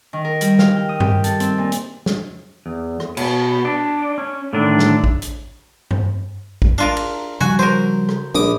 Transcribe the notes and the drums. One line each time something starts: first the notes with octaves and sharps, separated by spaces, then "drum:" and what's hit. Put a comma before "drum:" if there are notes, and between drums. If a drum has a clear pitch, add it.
D#3
A#4
G3, drum: hi-hat
F5, drum: snare
G5
D#6
G4, drum: tom G2
A4, drum: hi-hat
C4, drum: hi-hat
A#2
drum: hi-hat
drum: snare
E2
drum: rim click
B2, drum: cymbal
D4
C#4
A2 D3 D#3 D4
drum: snare
drum: kick
drum: hi-hat
drum: tom G2
drum: kick
D4 F4 A#4 F5
drum: cymbal
C#3 F3 G3 F#4 G#5
F#3 A#4 C5
drum: rim click
A#1 D4 D6 D#6